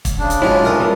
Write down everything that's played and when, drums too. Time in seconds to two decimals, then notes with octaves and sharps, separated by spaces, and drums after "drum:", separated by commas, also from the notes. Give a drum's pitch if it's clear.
0.05 drum: kick, hi-hat
0.19 C#3 D4
0.30 drum: hi-hat
0.42 F3 F#3 G#3 E4 F4 C#5
0.64 B1 A#4 D#6
0.80 G3 C#4 F4